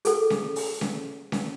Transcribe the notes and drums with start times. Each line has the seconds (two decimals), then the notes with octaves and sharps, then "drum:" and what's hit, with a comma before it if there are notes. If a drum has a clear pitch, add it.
0.05 G#4 A4, drum: hi-hat
0.30 drum: snare C#4
0.56 drum: open hi-hat
0.81 drum: snare C#4
1.32 drum: snare C#4